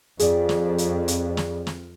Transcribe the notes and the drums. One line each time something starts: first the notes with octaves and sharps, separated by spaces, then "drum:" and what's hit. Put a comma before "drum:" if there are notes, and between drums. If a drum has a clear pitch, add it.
F2 G#4 D5, drum: hi-hat
drum: snare
drum: hi-hat
drum: hi-hat
drum: snare
drum: snare